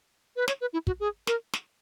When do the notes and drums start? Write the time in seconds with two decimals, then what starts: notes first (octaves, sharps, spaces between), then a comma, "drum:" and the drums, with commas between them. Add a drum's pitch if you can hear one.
0.36 B4
0.48 C#5, drum: snare
0.61 B4
0.73 E4
0.87 F#4, drum: kick
1.00 G#4
1.27 A#4, drum: snare
1.53 drum: snare